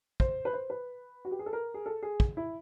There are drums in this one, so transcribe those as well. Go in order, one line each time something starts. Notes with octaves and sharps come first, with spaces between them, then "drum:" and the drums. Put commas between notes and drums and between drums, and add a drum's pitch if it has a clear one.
C5, drum: kick
B4
C5
B4
F#4
G4
G#4
A4
A#4
G#4
A4
G#4
drum: kick
E4